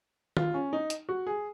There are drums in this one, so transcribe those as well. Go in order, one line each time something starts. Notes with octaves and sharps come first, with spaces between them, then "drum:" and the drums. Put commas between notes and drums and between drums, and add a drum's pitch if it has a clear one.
F4, drum: tom
C#4
D#4
drum: hi-hat
F#4
G#4